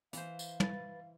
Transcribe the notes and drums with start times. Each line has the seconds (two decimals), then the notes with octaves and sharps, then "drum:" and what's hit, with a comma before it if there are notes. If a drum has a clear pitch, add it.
0.13 E3 C5 F5, drum: hi-hat
0.39 drum: tambourine
0.60 B4 A6, drum: tom